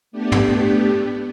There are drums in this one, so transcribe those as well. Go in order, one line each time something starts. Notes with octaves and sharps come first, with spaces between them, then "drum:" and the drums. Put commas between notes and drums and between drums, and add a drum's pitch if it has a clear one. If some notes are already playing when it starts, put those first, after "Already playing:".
A3 B3 D4 G4
drum: tom